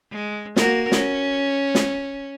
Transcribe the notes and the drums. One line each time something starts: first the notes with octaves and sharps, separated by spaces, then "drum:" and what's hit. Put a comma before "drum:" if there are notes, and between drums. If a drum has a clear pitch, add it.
G#3
A#3 F#4 A#4, drum: snare
C#4, drum: snare
drum: snare